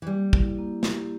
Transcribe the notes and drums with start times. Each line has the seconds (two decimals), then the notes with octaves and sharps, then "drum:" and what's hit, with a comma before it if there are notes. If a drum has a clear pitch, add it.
0.02 E3
0.07 G3 A#3
0.33 E4 G4, drum: kick
0.58 A#3
0.83 E4 G4, drum: snare